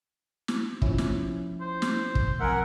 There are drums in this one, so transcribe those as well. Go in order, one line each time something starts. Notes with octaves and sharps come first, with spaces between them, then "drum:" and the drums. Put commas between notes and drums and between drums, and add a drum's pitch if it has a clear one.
drum: snare
F3 C#4 E4, drum: kick
drum: snare
C5
drum: snare
drum: kick
B1 F2 A#4 E5 F#5 G#5